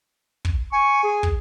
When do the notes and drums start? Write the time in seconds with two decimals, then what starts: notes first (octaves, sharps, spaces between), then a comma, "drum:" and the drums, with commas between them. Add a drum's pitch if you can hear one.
0.45 drum: kick
0.72 G#5 C#6
1.03 G#4
1.23 drum: kick